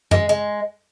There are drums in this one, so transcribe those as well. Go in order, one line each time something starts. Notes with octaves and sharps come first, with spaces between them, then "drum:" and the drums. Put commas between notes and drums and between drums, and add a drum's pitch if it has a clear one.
G#3, drum: tom F#2
G#3